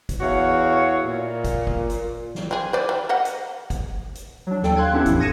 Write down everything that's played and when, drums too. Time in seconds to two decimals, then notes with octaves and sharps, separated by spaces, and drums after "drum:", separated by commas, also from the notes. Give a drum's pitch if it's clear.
0.09 drum: kick, hi-hat
0.20 E2 E4 F#4 C#5 F5
1.04 A#2
1.44 drum: kick, hi-hat
1.67 drum: kick
1.90 drum: hi-hat
2.35 drum: snare
2.51 C4 G#4
2.73 C5 D5
2.89 G3
3.09 C5 D#5 F#5
3.25 drum: hi-hat
3.70 drum: kick, hi-hat
4.15 drum: hi-hat
4.47 F#3 D4
4.63 D#2 A4 G5, drum: snare
4.76 F5 C6 F#6 G#6
4.93 B3 C#4 D4 E4 G4 A4
5.06 F2 A2 E3, drum: kick, hi-hat
5.19 D#6 G#6 A#6 C#7 D#7 E7